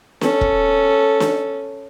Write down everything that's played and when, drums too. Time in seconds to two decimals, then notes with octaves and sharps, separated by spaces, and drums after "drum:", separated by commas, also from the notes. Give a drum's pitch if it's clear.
0.21 C#4 A4, drum: snare
0.41 drum: kick E1
1.20 drum: snare